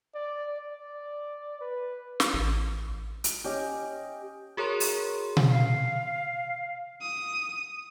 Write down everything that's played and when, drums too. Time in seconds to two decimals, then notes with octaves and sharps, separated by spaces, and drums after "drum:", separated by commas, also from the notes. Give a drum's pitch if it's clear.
0.14 D5
0.58 D5
1.60 B4
2.20 drum: snare
2.34 A1
3.24 drum: hi-hat
3.44 C#4 G4 D#5 G5
4.57 F#4 G#4 A#4 C#5 A#5 C6
4.80 drum: open hi-hat
5.37 drum: tom B2
5.49 F5
7.01 D#6